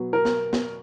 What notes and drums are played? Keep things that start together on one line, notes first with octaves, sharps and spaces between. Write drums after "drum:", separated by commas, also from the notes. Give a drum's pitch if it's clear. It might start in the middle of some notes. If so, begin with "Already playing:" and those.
Already playing: B2 F#3 B3
A#4
drum: snare
drum: snare